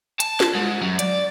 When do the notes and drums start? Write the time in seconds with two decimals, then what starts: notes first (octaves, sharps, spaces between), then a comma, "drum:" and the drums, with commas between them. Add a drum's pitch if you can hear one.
0.20 A5, drum: hi-hat
0.40 drum: snare
0.55 G#2
0.82 F#2
0.99 D5, drum: hi-hat